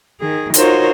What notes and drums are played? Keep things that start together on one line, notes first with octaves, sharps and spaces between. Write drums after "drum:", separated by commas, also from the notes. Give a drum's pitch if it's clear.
D#3 G#4
D#4 F4 F#4 A#4 C5 C#5, drum: hi-hat